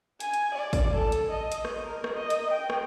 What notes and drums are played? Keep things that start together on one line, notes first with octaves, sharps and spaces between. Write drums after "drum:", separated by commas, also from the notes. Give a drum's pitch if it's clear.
G#5, drum: hi-hat
drum: hi-hat
D5
drum: kick, open hi-hat
A4
drum: hi-hat
D#5
drum: hi-hat
drum: rim click
A#4
drum: rim click
D#5
drum: hi-hat
G5
drum: rim click